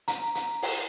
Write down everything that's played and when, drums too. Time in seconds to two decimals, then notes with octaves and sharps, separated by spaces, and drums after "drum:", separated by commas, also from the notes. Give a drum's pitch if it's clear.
0.08 A#5, drum: hi-hat
0.35 drum: hi-hat
0.62 drum: open hi-hat